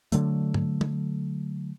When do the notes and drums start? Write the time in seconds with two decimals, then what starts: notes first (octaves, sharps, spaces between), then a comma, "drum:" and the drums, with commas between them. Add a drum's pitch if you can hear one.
0.12 D3 F#3 A3, drum: hi-hat
0.54 drum: tom
0.81 drum: tom